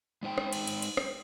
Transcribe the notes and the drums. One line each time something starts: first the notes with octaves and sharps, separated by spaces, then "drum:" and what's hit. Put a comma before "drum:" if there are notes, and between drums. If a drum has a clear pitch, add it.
G#3 D#4 C5 G5
drum: rim click
drum: cymbal
drum: cymbal
drum: cymbal
drum: rim click